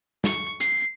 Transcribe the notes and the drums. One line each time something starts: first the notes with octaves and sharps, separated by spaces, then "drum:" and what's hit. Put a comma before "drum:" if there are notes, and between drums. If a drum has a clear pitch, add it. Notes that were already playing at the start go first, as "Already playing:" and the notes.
C#6, drum: snare
C7, drum: hi-hat